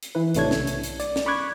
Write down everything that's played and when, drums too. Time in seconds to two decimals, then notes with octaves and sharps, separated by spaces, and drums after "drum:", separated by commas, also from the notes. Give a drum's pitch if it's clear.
0.03 drum: hi-hat
0.15 E3 E4 B4
0.34 G#1 C3 A3 D4 C#5 G#6, drum: hi-hat
0.51 B1, drum: snare
0.67 drum: hi-hat
0.83 drum: hi-hat
1.00 D5, drum: hi-hat
1.16 drum: snare
1.26 B5 C#6 D6 F#6 G#6